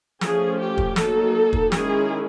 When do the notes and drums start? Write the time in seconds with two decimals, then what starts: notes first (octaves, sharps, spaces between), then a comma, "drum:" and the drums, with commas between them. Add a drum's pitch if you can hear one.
0.21 F3 A3 C#4 G#4, drum: snare
0.59 G4
0.78 drum: kick
0.96 F#3 A#3 D#4 A4, drum: snare
1.53 drum: kick
1.72 D#3 G#3 C#4 E4 G#4, drum: snare